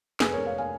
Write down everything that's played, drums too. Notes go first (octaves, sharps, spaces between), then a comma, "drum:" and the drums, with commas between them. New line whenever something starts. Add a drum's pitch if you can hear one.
F1 G#4 B4, drum: snare
F1 A#4 C#5
C#5 F5
F5 G#5